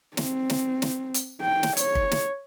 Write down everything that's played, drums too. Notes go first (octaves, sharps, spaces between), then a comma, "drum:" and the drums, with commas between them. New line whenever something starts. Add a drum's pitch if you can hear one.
C4, drum: snare
drum: snare
drum: snare
drum: hi-hat
G5
drum: snare
C#5, drum: hi-hat
drum: kick
drum: snare